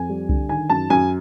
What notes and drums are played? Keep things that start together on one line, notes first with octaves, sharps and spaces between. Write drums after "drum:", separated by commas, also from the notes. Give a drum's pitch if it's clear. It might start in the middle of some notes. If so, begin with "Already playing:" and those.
Already playing: F2 G#5
G3
D3, drum: kick C2
D#3 G#5
F#2 A5
F#2 G#5